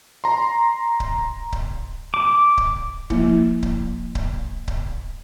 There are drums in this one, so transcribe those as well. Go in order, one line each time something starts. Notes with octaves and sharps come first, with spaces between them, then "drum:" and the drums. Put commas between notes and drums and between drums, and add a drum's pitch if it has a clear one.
A#5 C6
drum: kick C#1
drum: kick C#1
D6
drum: kick C#1
F3 A#3 E4, drum: kick C#1
drum: kick C#1
drum: kick C#1
drum: kick C#1